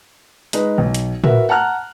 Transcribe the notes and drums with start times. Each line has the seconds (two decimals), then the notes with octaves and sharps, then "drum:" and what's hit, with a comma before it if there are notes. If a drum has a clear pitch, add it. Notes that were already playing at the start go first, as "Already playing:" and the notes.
0.53 G#3 D#4 B4, drum: hi-hat
0.78 B1
0.94 drum: hi-hat
1.24 F#4 A#4 B4 E5, drum: tom A2
1.49 F#5 A5 A#5 F6 F#6